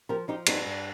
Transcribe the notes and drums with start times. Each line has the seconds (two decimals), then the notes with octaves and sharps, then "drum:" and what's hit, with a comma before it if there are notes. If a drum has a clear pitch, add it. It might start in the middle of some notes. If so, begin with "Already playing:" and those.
0.09 F3 G4 A#4
0.28 F3 D#4 G4
0.47 G2 C4 D#4, drum: cymbal
0.65 G2